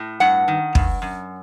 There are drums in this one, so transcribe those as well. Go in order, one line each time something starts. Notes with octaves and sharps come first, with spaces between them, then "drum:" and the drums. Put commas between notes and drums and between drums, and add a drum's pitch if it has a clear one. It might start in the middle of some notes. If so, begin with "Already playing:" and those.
Already playing: A2
G2 F#5
D#3
G2, drum: kick
F#2